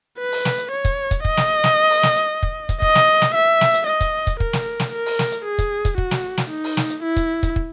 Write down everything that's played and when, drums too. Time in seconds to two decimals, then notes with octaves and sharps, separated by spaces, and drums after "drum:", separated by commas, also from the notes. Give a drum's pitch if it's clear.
0.18 B4
0.32 drum: open hi-hat
0.45 drum: snare
0.58 drum: hi-hat
0.72 C#5
0.85 drum: kick, hi-hat
1.11 drum: kick, hi-hat
1.25 D#5, drum: kick
1.37 drum: snare
1.64 drum: snare
1.90 drum: open hi-hat
2.03 drum: snare
2.16 drum: hi-hat
2.43 drum: kick
2.69 drum: kick, hi-hat
2.82 D#5, drum: kick
2.95 drum: snare
3.22 drum: snare
3.35 E5
3.61 drum: snare
3.74 drum: hi-hat
3.87 D#5
4.01 drum: kick, hi-hat
4.27 drum: kick, hi-hat
4.40 A#4, drum: kick
4.53 drum: snare
4.80 drum: snare
4.93 A#4
5.06 drum: open hi-hat
5.19 drum: snare
5.32 drum: hi-hat
5.45 G#4
5.59 drum: kick, hi-hat
5.85 drum: kick, hi-hat
5.98 F#4, drum: kick
6.11 drum: snare
6.38 drum: snare
6.51 D#4
6.64 drum: open hi-hat
6.77 drum: snare
6.90 drum: hi-hat
7.03 E4
7.16 drum: kick, hi-hat
7.43 drum: kick, hi-hat
7.56 drum: kick